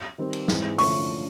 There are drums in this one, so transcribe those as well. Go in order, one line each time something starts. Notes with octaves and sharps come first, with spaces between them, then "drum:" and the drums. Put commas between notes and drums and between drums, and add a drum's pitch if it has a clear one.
D#3 G3 C4
drum: cymbal
G#2 E3 G#3 C4, drum: snare
D3 F3 A3 C#4 C#6, drum: open hi-hat